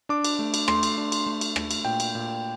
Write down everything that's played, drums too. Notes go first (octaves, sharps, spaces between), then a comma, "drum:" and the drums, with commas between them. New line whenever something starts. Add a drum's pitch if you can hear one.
D4 D6
drum: cymbal
A3
drum: cymbal
A3 C6, drum: rim click
drum: cymbal
D4
drum: cymbal
A3
drum: cymbal
A3, drum: rim click
drum: cymbal
A#2 G5
drum: cymbal
A#2